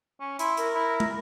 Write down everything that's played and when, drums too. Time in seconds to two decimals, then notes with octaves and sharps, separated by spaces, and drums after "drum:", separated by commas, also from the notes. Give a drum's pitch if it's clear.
0.20 C#4
0.39 E4 C6, drum: hi-hat
0.57 A#4, drum: hi-hat
0.74 E4
1.00 drum: tom